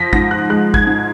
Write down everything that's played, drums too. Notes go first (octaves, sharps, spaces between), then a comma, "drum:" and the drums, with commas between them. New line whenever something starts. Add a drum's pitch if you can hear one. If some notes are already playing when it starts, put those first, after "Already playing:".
Already playing: F3 A#6 B6
G#2 A#6, drum: kick
F#6
G#3 F#6
G#6, drum: kick
G#2